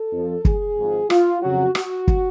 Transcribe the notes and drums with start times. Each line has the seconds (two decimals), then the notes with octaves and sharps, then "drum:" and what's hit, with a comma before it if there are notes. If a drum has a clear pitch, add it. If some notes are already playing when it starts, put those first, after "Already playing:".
Already playing: A4
0.12 F2 F3
0.45 G#4, drum: kick
0.77 G#1 G#2 F3
1.10 F4, drum: rim click
1.42 F2 C#3 F#3 F#4
1.75 F#4, drum: rim click
2.08 drum: kick